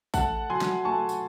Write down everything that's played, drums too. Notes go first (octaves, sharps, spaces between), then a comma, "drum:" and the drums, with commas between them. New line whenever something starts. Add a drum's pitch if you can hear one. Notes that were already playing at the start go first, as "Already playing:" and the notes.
A3 F#5 A5, drum: kick, tambourine
F#3 G#5 C6
drum: snare
A3 A5 C#6
drum: tambourine